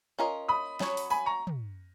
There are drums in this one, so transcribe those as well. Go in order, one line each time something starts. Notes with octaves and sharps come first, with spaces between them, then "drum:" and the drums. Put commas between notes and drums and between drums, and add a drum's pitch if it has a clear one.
C#4 F4 A#4 D#5
B5 D#6
F#3 C#4 F#4 C#5, drum: snare
drum: open hi-hat
G#5 B5, drum: tambourine
A#5 C#6
drum: tom